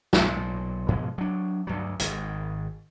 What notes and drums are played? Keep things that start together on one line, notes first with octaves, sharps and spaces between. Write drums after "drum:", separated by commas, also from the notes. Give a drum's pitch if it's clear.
B1 A#2, drum: snare
G#2 B2 F3 G#3
F#3 D4
D2 G2 F#3
G#1 G#2 D#3, drum: hi-hat